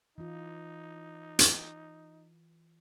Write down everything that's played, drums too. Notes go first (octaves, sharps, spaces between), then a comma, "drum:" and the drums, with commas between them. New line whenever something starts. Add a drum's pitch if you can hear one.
E3 D#4 F4
drum: hi-hat